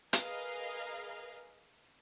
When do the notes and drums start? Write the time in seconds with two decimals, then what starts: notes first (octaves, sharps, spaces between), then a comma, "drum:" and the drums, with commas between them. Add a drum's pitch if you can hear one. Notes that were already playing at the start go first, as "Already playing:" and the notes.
0.13 G#4 A#4 B4 D#5 F5 F6, drum: hi-hat